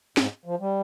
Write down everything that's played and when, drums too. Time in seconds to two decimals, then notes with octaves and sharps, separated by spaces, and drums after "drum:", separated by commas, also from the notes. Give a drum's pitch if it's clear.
0.17 G#2, drum: snare
0.45 F3
0.60 G3